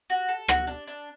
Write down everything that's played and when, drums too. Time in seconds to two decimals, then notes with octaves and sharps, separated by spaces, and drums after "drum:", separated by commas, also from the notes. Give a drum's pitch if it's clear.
0.10 F#4
0.28 A4
0.48 F#4, drum: rim click
0.67 D4
0.87 D4